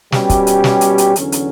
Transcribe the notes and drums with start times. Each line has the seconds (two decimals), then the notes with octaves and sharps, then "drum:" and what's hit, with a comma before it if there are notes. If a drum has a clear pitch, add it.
0.12 B2 G3 C#4 G4, drum: snare
0.30 drum: kick, hi-hat
0.47 drum: hi-hat
0.64 drum: snare
0.81 drum: hi-hat
0.98 drum: hi-hat
1.16 E2 D3 F#3 C#4, drum: hi-hat
1.32 drum: hi-hat